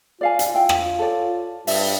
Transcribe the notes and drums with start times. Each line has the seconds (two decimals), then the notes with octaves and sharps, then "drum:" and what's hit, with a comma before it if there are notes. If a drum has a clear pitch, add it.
0.21 F4 D5 F5 G#5
0.39 drum: hi-hat
0.54 E4 G5
0.69 drum: rim click
0.99 A4 C#5 D5
1.67 G2 E5, drum: open hi-hat